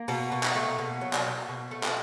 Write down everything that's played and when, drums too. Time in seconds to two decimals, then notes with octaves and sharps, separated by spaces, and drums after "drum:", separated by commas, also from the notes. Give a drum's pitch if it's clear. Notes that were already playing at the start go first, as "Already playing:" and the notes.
Already playing: A#3
0.08 B2, drum: open hi-hat
0.32 B2
0.43 drum: clap
0.55 A3
0.78 B2
1.01 F#3
1.13 drum: clap
1.26 B2
1.49 B2
1.71 A3
1.84 drum: clap